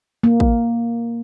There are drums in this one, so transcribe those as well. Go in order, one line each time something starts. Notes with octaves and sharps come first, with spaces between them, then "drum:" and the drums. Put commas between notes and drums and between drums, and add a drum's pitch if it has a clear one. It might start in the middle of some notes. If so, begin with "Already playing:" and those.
A#3
drum: kick